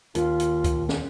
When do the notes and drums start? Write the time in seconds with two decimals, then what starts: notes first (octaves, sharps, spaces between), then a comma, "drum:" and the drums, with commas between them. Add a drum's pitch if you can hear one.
0.15 D#2 F4, drum: hi-hat
0.40 drum: hi-hat
0.64 drum: kick C#2, hi-hat
0.89 drum: snare